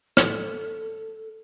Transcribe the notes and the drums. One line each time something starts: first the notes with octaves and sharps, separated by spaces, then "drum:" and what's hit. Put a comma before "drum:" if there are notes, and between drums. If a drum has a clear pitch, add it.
A4, drum: rim click